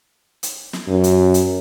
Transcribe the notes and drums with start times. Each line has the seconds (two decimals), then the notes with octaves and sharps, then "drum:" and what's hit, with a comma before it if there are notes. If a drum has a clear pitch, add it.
0.43 drum: hi-hat
0.73 drum: snare
0.88 F#2
1.04 drum: hi-hat
1.34 drum: hi-hat